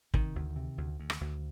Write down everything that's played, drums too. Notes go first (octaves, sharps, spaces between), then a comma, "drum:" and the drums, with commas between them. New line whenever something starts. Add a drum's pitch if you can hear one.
C3 D#3, drum: kick
D2
C3
D2
D2
drum: rim click
D2